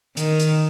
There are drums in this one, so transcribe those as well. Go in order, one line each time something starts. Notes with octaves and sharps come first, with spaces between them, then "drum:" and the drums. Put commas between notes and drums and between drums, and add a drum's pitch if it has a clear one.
D#3, drum: hi-hat
drum: hi-hat